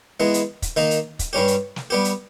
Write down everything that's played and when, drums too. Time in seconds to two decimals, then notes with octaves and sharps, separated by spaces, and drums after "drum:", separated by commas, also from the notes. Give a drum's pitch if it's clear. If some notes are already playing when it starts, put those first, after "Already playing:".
0.20 E3 G#3 B3
0.34 drum: hi-hat
0.62 drum: kick, hi-hat
0.76 D#3 A#3 D#4
0.91 drum: hi-hat
1.19 drum: kick, hi-hat
1.33 G2 G3 C#4 G4
1.48 drum: hi-hat
1.76 drum: snare
1.90 G3 B3 G4
2.05 drum: hi-hat